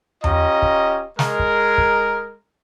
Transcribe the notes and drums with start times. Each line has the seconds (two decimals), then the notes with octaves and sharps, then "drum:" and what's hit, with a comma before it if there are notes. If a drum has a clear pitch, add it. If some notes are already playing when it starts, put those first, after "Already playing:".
0.24 C#4 F4 G4 D#5 A#5, drum: tom E2
0.62 drum: kick
1.19 G#3 A#4, drum: snare
1.39 drum: kick
1.78 drum: kick